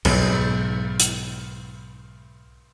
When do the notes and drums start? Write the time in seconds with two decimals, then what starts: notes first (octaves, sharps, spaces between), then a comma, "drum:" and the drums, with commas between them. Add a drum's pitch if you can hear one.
0.05 B1 G#2, drum: cymbal
1.00 drum: hi-hat